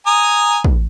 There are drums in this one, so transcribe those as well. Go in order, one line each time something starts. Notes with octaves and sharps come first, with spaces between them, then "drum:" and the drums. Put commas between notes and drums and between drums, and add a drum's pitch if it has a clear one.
G#5 A#5 D#6
drum: kick